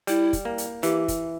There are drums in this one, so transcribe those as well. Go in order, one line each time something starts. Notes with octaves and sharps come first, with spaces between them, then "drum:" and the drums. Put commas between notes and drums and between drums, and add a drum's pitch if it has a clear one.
G3 E4, drum: hi-hat
drum: kick, hi-hat
A#3
drum: hi-hat
E3 G4, drum: hi-hat
drum: kick, hi-hat